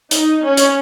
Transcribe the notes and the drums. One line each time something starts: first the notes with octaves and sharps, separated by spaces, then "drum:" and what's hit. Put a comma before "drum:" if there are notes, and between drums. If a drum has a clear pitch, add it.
D#4, drum: hi-hat
C#4
drum: hi-hat